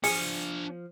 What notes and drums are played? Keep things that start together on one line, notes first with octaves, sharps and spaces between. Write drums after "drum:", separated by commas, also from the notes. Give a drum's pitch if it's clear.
F3 D4 G#4 G#5 C#7, drum: open hi-hat